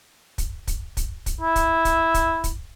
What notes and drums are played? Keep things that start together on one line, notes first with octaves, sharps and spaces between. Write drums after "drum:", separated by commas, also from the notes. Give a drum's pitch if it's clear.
drum: kick, hi-hat
drum: kick, hi-hat
drum: kick, hi-hat
drum: kick, hi-hat
E4
drum: kick, hi-hat
drum: kick, hi-hat
drum: kick, hi-hat
drum: kick, hi-hat